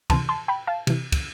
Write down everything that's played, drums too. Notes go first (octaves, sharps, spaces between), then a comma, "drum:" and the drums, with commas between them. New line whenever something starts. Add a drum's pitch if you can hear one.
C3 E3 A5 C6, drum: kick, cymbal
A5 C6
G5 B5
F5 A5
C3 E3, drum: cymbal
drum: kick, cymbal